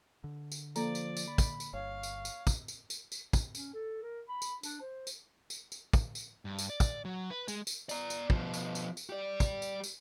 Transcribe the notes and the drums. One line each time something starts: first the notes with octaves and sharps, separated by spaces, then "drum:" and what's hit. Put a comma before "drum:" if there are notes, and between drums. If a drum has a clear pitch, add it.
D3
drum: tambourine
F3 A#3 A4 D5 A#5, drum: tambourine
drum: tambourine
drum: tambourine
B5
drum: kick, tambourine
drum: tambourine
G1 C#5 F5
drum: tambourine
drum: tambourine
drum: kick, tambourine
drum: tambourine
drum: tambourine
drum: tambourine
drum: kick, tambourine
C#4, drum: tambourine
A4
A#4
B5
drum: tambourine
D4, drum: tambourine
C5
drum: tambourine
drum: tambourine
drum: tambourine
drum: kick, tambourine
drum: tambourine
G2
drum: tambourine
D5
drum: kick, tambourine
F#3
B4
G#3, drum: tambourine
drum: tambourine
D5 A#5, drum: tambourine
drum: tambourine
B2 F3, drum: kick
drum: tambourine
drum: tambourine
drum: tambourine
G4 D5
drum: kick, tambourine
drum: tambourine
drum: tambourine